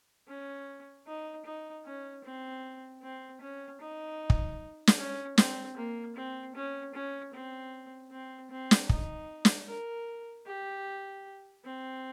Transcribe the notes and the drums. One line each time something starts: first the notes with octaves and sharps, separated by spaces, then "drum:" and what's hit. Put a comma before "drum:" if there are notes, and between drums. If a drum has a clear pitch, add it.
C#4
D#4
D#4
C#4
C4
C4
C#4
D#4
drum: kick
drum: snare
C#4
C4, drum: snare
A#3
C4
C#4
C#4
C4
C4
C4
drum: snare
D#4, drum: kick
drum: snare
A#4
G4
C4